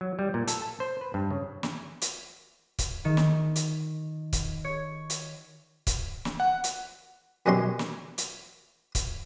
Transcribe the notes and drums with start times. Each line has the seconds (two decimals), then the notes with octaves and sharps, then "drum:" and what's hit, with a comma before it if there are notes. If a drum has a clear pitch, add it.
0.01 F#3
0.19 G3
0.34 A#2
0.47 A4, drum: hi-hat
0.62 A5
0.80 C5
1.01 B4
1.14 G2
1.31 C#3
1.63 drum: snare
2.02 drum: hi-hat
2.79 drum: kick, hi-hat
3.05 D#3
3.17 drum: snare
3.56 drum: hi-hat
4.33 drum: kick, hi-hat
4.64 C#5
5.10 drum: hi-hat
5.87 drum: kick, hi-hat
6.25 drum: snare
6.40 F#5
6.64 drum: hi-hat
7.46 F#2 B2 G#3 C#4 G4 C6
7.79 drum: snare
8.18 drum: hi-hat
8.95 drum: kick, hi-hat